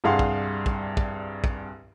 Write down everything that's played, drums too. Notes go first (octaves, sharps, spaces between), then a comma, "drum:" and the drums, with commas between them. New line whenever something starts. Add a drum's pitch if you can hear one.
C2 G2 G#4 F5 F#5 C6
drum: kick
drum: kick
drum: kick
drum: kick